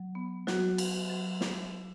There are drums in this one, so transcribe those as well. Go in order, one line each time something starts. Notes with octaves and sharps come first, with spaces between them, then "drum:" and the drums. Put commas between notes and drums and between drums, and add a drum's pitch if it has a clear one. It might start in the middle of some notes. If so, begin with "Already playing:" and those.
Already playing: F#3
B3
F#3 F#4, drum: snare
F#3, drum: cymbal
F#3
drum: snare